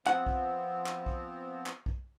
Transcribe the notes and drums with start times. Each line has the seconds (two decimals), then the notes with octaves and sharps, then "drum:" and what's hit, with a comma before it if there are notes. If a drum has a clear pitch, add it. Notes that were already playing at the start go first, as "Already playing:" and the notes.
0.07 F3 B3 C4 F#5, drum: clap
0.26 drum: kick
0.86 drum: clap
1.06 drum: kick
1.66 drum: clap
1.86 drum: kick